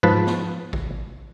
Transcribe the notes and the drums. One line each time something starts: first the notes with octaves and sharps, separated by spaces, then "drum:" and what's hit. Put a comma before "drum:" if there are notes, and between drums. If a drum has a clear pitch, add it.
G#2 F3 B4 A5
drum: snare B3
drum: kick G#1